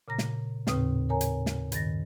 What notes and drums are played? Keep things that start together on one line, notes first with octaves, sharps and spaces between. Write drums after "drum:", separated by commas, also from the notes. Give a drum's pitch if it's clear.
A#2 C#3 A#5 A#6
drum: snare
D#2 A2 C#3 C4 B4 D#6, drum: snare
A#4 C#5 G#5 A#5
drum: hi-hat
drum: snare
G2 D#3 A6 A#6, drum: hi-hat